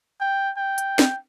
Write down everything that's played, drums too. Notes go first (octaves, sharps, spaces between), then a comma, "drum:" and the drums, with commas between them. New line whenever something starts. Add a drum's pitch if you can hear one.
G5
G5
drum: hi-hat
drum: snare